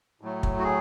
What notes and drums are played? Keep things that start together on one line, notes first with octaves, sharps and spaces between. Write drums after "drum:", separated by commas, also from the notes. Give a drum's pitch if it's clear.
A2 F#3 A3
drum: kick
F#4
G#4